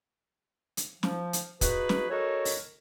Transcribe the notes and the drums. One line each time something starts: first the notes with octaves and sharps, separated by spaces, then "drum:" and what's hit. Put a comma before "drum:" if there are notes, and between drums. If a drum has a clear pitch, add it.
drum: hi-hat
F3, drum: snare
drum: hi-hat
D#4 F4 F#4 G#4 B4, drum: kick, hi-hat
drum: snare
C#4 D#4 F#4 A4 A#4 C#5
drum: open hi-hat